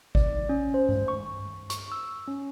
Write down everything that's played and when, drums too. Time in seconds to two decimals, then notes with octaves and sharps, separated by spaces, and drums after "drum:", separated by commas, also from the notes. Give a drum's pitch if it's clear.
0.15 D5, drum: kick G#1
0.49 C#4
0.74 C5
0.89 drum: tom G2
1.08 C#6
1.70 C#6, drum: hi-hat
1.92 E6
2.28 C#4